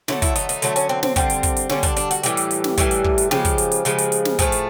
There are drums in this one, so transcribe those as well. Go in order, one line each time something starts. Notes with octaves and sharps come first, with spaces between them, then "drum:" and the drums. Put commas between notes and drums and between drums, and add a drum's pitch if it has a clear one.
D3 F#3 A3 E4, drum: snare
E4, drum: kick, hi-hat
D#4, drum: hi-hat
D#4, drum: hi-hat
D3 F#3 A3, drum: hi-hat
C#4, drum: hi-hat
C4
C4, drum: snare
D3 G3 C4, drum: kick, hi-hat
drum: hi-hat
drum: kick, hi-hat
drum: hi-hat
D3 G3 C#4, drum: snare
D4, drum: kick, hi-hat
D4, drum: hi-hat
F#4, drum: hi-hat
A2 E3 G3 G4, drum: hi-hat
drum: hi-hat
drum: hi-hat
drum: snare
A2 E3 G3, drum: kick, hi-hat
drum: hi-hat
drum: kick
drum: hi-hat
C#3 F3 G#3 G4, drum: snare
drum: kick, hi-hat
drum: hi-hat
drum: hi-hat
C#3 F3 G#3, drum: hi-hat
drum: hi-hat
drum: hi-hat
drum: snare
A2 F3 A3 G#4, drum: kick, hi-hat
drum: hi-hat